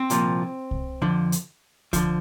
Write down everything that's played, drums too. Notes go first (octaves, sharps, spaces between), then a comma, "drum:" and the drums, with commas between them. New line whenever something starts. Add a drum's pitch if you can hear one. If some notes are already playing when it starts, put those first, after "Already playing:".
Already playing: C4
C2 A#2 F3, drum: hi-hat
drum: kick C2
F2 D3 F3
drum: hi-hat
D3 F3, drum: kick C2, hi-hat